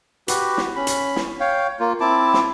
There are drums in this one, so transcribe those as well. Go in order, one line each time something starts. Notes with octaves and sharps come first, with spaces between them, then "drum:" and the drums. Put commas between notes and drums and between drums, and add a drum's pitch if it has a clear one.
F#4 G4 B4, drum: hi-hat
drum: snare
C#4 B5
drum: hi-hat
drum: snare
C#5 F5 G5
A#3 F4
C4 E4 A5 D6
drum: snare